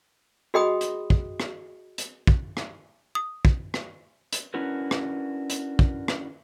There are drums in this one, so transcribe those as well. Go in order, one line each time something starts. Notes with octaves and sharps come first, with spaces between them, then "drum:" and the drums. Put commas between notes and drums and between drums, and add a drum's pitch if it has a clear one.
F#4 G#4 D#5 G5 B5 D#6
drum: hi-hat
drum: kick
drum: rim click
drum: hi-hat
drum: kick
drum: rim click
D#6
drum: kick
drum: rim click
drum: hi-hat
C#4 D4 E4 F#4 A#4 B4
drum: rim click
drum: hi-hat
drum: kick
drum: rim click